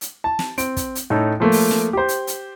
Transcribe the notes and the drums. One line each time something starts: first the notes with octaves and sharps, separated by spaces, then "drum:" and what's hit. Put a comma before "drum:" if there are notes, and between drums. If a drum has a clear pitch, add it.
drum: hi-hat
A5
drum: snare
C4 D7, drum: hi-hat
drum: kick, hi-hat
drum: hi-hat
A2 C#4 D#4 A4
F3 A3 A#3
drum: open hi-hat
drum: snare
G4 C5
drum: hi-hat
drum: hi-hat